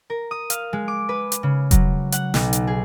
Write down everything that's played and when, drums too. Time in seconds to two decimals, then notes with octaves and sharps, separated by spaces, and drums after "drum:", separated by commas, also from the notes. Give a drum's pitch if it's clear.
0.10 A#4
0.31 D#6
0.50 F5, drum: hi-hat
0.73 G#3
0.88 D6
1.09 B4
1.32 drum: hi-hat
1.43 C#3
1.71 F#3, drum: kick E1, hi-hat
2.12 F#5, drum: hi-hat
2.34 B1, drum: snare
2.53 drum: hi-hat
2.67 G#4